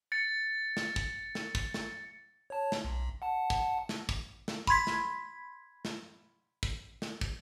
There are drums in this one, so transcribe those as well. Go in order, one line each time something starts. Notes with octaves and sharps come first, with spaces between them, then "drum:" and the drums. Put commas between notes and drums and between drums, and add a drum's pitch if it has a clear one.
A6 C#7
drum: snare
drum: kick
drum: snare
drum: kick
drum: snare
C#5 A5
drum: snare
B1
F#5 A5
drum: kick
drum: snare
drum: kick
drum: snare
B5 C6 G#6 B6, drum: kick
drum: snare
drum: snare
drum: kick
drum: snare
drum: kick